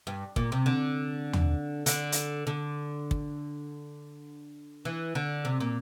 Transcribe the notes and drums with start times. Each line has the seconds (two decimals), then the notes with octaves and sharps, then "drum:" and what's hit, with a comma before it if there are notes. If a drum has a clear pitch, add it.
0.07 G2
0.36 A#2, drum: kick
0.52 C3
0.66 D3
1.33 drum: tom
1.86 D3, drum: hi-hat
2.12 drum: hi-hat
2.47 D3
3.11 drum: kick
4.85 E3
5.15 D3
5.45 C3
5.60 A#2